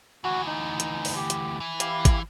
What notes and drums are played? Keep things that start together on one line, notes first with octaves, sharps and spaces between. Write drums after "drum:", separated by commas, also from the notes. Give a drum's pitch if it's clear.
D2 E3 F#4
D#4
drum: hi-hat
drum: open hi-hat
G4
drum: hi-hat
E3
E4 G4 F5, drum: hi-hat
drum: kick, hi-hat